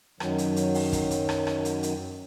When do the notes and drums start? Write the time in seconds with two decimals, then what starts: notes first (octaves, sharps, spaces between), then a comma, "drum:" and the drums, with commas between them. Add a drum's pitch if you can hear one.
0.20 F#2 D#3 F#3, drum: rim click
0.38 drum: hi-hat
0.56 drum: hi-hat
0.74 drum: open hi-hat
0.93 drum: kick, hi-hat
1.11 drum: hi-hat
1.29 drum: rim click
1.47 drum: rim click
1.65 drum: hi-hat
1.83 drum: hi-hat